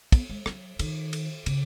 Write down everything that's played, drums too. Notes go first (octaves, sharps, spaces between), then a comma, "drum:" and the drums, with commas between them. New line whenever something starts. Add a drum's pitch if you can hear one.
B3, drum: kick, cymbal
G#3
F#3, drum: rim click
D#3, drum: cymbal
drum: cymbal
C#3, drum: cymbal